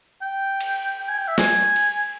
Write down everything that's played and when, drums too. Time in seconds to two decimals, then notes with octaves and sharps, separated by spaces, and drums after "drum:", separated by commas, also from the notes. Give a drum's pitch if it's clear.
0.22 G5
0.61 drum: cymbal
0.99 G5
1.09 G#5
1.18 G5
1.28 E5
1.38 G#5, drum: snare
1.76 drum: cymbal